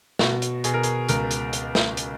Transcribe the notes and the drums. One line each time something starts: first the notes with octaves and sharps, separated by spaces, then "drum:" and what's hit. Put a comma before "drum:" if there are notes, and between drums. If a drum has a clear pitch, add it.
B2 F#4, drum: snare
drum: hi-hat
B2 G#4, drum: hi-hat
A#4
G#4, drum: hi-hat
C#2 A#4, drum: hi-hat
drum: hi-hat
drum: hi-hat
drum: snare
drum: hi-hat